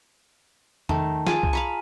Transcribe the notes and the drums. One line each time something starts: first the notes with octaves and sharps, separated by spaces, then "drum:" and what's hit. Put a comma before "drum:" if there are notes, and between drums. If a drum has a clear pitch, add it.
D#3 A3 A5, drum: tom E2
F4 G#4 G#5 D6 D#7, drum: snare
drum: kick C2
F5 A#5 B5 C#6